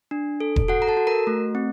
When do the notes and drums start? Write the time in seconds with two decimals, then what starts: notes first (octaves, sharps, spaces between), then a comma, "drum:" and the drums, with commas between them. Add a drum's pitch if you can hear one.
0.11 D4
0.40 A4
0.56 drum: kick E1
0.68 F#4 A4 F#5
0.82 A#5
0.87 A4 A5
0.97 F#4
1.07 A#4 A#5
1.27 A3
1.55 C4